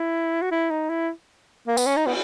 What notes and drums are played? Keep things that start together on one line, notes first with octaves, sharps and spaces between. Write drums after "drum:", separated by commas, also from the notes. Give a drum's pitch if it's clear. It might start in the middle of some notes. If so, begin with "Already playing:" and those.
Already playing: E4
F#4
E4
D#4
E4
A#3
B3, drum: tambourine
C#4
D#4
B3, drum: cymbal